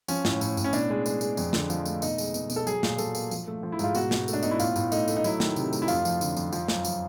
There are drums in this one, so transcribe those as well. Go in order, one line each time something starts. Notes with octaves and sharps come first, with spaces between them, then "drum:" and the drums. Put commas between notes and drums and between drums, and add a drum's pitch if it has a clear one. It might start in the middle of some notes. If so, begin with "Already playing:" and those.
F3 C#4, drum: tambourine
A2, drum: snare
A2, drum: tambourine
A2, drum: tambourine
C#4
B2 D4, drum: tambourine
G#3
G#3, drum: tambourine
G#3, drum: tambourine
F2, drum: tambourine
D3, drum: snare
F3, drum: tambourine
A3, drum: tambourine
B2 D#4, drum: tambourine
G#3, drum: tambourine
B2, drum: tambourine
B2, drum: tambourine
A4
F#3 G#4, drum: tambourine
A#2, drum: snare
F#3 A4, drum: tambourine
A#3, drum: tambourine
F3, drum: tambourine
A3
F3
E4
G#2 F4, drum: tambourine
B2 F#4, drum: tambourine
B2, drum: snare
A3, drum: tambourine
D4
B2 D#4, drum: tambourine
E4
A2 F4, drum: tambourine
A2, drum: tambourine
A3 D#4, drum: tambourine
A3, drum: tambourine
D#4
F#3 E4, drum: tambourine
D#3, drum: snare
C3, drum: tambourine
A3, drum: tambourine
E4
F2 F4, drum: tambourine
F3, drum: tambourine
D3, drum: tambourine
F2, drum: tambourine
F3, drum: tambourine
F#2, drum: snare
F3, drum: tambourine